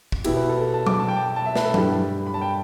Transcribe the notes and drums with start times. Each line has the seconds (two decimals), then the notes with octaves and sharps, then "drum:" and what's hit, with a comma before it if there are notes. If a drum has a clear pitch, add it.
0.12 drum: kick
0.24 B2 B3 E4 G4, drum: cymbal
0.36 B4
0.49 A4
0.61 A4
0.74 A5
0.87 D6, drum: tom F#3
0.99 A5
1.08 G5
1.17 A5
1.36 A5
1.46 E5
1.55 B4, drum: snare
1.65 A4
1.74 G2 G3 E4 G4 B4, drum: tom F#3
2.27 B5
2.34 A5
2.41 G5